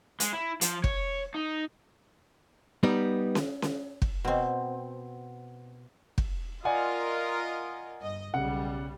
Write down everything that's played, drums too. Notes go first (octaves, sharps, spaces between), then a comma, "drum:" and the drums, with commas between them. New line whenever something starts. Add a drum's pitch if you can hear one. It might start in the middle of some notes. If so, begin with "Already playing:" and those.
G#3, drum: hi-hat
E4
F3, drum: hi-hat
C#5, drum: kick
D#4
G3 B3 D#4
drum: snare C#4
drum: snare C#4
drum: kick
B2 C4
drum: kick
F4 A#4 D5 D#5 F#5 G#5
G1 D#5
B1 C#3 G3 F#5